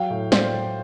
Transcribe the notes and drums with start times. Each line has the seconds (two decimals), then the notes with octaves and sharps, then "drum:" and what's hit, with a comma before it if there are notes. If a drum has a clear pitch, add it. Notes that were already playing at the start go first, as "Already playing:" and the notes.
Already playing: F#3 F5 G5
0.10 A2
0.32 F#3 C5 D5, drum: snare
0.54 A2